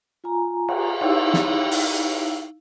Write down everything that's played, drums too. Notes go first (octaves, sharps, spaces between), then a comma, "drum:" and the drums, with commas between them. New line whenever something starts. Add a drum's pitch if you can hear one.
F4 G#5 A#5
drum: cymbal
D#4 E4 F5 E6, drum: cymbal
drum: snare
drum: open hi-hat